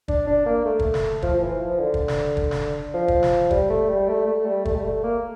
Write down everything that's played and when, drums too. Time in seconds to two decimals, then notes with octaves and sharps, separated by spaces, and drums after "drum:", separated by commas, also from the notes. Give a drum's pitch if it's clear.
0.08 D4, drum: kick
0.27 D4
0.46 A#3
0.65 A3
0.79 drum: kick
0.94 drum: snare
1.22 F3, drum: kick
1.33 F3
1.41 E3
1.60 F3
1.79 D3
1.94 drum: kick
2.08 drum: snare
2.37 drum: kick
2.51 drum: snare
2.94 F3
3.08 drum: kick
3.23 drum: snare
3.51 G3, drum: kick
3.70 A3
3.89 G3
4.09 A3
4.27 A3
4.46 G3
4.65 A3, drum: kick
4.76 G3
4.84 A3
5.03 A#3